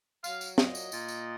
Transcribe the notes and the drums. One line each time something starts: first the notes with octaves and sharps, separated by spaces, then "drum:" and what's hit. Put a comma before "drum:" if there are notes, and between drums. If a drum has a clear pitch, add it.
F#3 F5, drum: tambourine
drum: tambourine
A#2 D#5, drum: snare
drum: tambourine
A#2, drum: tambourine
drum: tambourine